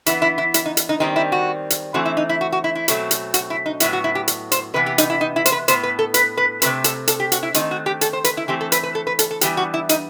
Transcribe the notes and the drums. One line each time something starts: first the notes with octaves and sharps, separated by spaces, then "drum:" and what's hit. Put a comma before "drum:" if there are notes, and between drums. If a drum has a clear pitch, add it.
E3 B3 E4, drum: hi-hat
E4
E4
E4, drum: hi-hat
D#4
drum: hi-hat
D#4
D#3 G3 C4 D#4
E4
F#4
drum: hi-hat
E3 A3 C4 F#4
E4
D#4
E4
F#4
F#4
E4
E4
B2 F#3 A3 C4, drum: hi-hat
drum: hi-hat
F#4, drum: hi-hat
E4
D#4
A2 F#3 B3 E4, drum: hi-hat
F#4
E4
G4
drum: hi-hat
C5, drum: hi-hat
C3 E3 B3 B4
G4
D#4, drum: hi-hat
E4
D#4
E4
C5, drum: hi-hat
B4
A2 E3 B3 C5, drum: hi-hat
B4
A4
B4, drum: hi-hat
B4
C3 F#3 A3 C4 B4, drum: hi-hat
A4, drum: hi-hat
A4, drum: hi-hat
G4
F#4, drum: hi-hat
E4
D#3 A3 C4 D#4, drum: hi-hat
F#4
G4
A4, drum: hi-hat
C5
B4, drum: hi-hat
E4
E3 A3 C4 G4
A4
B4, drum: hi-hat
B4
A4
B4
A4, drum: hi-hat
A4
E3 G3 B3 G4, drum: hi-hat
F#4
E4
D#4, drum: hi-hat